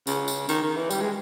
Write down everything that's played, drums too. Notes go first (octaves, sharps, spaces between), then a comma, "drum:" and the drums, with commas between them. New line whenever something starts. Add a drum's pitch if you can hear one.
C#3, drum: tambourine
drum: tambourine
D#3, drum: tambourine
D#3
E3
G3, drum: tambourine
G#3